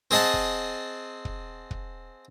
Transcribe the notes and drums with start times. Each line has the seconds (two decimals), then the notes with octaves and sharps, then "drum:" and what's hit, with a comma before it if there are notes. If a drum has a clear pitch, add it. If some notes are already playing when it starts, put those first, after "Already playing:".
0.11 C4 G#4 D#5 F#5 A5
0.34 drum: kick
1.25 drum: kick
1.71 drum: kick